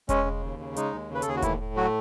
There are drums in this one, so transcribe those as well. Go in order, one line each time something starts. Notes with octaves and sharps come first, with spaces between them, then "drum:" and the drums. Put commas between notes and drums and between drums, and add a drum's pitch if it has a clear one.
G#3 C#4, drum: kick E1, hi-hat
C#3
D#2
C#3
G#3 D#4, drum: hi-hat
D#2
C#3
B4
A4, drum: hi-hat
D#2 G#4
F#4
A2 E3 E4, drum: kick E1, hi-hat
A2
F#3 A3 F#4